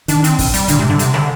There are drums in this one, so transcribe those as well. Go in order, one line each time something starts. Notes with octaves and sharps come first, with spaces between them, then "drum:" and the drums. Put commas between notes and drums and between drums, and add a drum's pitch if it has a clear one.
D#3 D4, drum: hi-hat
C4, drum: hi-hat
drum: kick, open hi-hat
G3, drum: hi-hat
A#2 D3, drum: hi-hat
G#2 C3
G2 D3
C3, drum: hi-hat
D3, drum: rim click